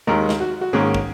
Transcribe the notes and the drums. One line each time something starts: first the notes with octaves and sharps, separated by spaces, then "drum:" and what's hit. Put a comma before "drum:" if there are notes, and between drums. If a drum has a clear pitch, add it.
D#2 D#3 G#3 A#4
drum: snare
F#4
F#4
G#2 D#3 A#3 C#4 G#4
drum: kick